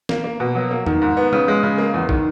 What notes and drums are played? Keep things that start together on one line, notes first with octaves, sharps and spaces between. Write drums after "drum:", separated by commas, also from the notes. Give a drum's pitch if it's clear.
A#3, drum: snare
A#3
B2
F#3
A#3
D#3, drum: tom E2
G#2
B3
C#3, drum: tom
G#3
C#3
A#3
E2
D#3, drum: kick